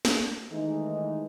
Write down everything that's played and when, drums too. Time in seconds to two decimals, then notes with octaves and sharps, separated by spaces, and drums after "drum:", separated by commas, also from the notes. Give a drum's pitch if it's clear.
0.05 drum: snare
0.51 D#3 E3 G#3 A3 D#4